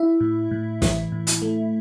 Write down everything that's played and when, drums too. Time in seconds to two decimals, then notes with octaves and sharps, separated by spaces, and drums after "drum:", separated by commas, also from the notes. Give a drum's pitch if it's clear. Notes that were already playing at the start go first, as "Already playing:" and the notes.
Already playing: E4 E5
0.21 A2
0.51 A2
0.82 E3, drum: snare
1.12 A2
1.27 drum: hi-hat
1.42 A3